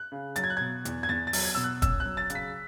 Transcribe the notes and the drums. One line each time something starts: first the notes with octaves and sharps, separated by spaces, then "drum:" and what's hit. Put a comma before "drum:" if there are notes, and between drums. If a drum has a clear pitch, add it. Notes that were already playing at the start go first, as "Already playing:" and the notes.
Already playing: F#6
C#3
F#3 A6, drum: hi-hat
G#6
F#6
B2 G#6
E2, drum: hi-hat
G#6
E2 A6
A6
F#3, drum: open hi-hat
G#6
B2 E6
F#6
C#4 E6, drum: kick, hi-hat
F#6
F#3
A6
C#3, drum: hi-hat
B6